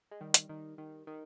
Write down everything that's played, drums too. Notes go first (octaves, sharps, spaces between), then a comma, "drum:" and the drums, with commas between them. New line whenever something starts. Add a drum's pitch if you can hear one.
G#3
D#3 G3
drum: hi-hat
D#3
D#3
D#3